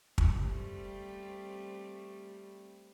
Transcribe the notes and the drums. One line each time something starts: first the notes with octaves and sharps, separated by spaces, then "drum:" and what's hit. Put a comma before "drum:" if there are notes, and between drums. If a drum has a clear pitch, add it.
G3 A3 C4, drum: kick